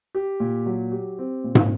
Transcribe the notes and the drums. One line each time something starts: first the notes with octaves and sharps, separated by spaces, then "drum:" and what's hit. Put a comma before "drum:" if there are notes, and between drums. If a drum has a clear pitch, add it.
G4
A#2
F#3
G4
C4
A#2
drum: tom